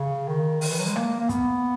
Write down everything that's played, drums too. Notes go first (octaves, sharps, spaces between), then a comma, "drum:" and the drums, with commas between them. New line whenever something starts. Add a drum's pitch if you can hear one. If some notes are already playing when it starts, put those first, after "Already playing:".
Already playing: C#3
D#3
D#3, drum: open hi-hat
E3
F#3
G#3
A#3, drum: rim click
A#3
B3, drum: kick, hi-hat